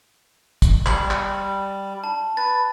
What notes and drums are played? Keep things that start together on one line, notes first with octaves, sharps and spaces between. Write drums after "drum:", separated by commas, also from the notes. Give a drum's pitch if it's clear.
drum: kick, hi-hat
G3 F#7, drum: clap
drum: clap
A5
B4 A6